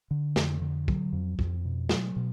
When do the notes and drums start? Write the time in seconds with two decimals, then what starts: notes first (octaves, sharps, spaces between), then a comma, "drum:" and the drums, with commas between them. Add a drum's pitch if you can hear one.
0.11 D3
0.36 F2, drum: snare
0.62 D3
0.88 F#3, drum: kick
1.13 F2
1.39 F2, drum: kick
1.65 B2
1.89 F#3, drum: snare
2.16 B2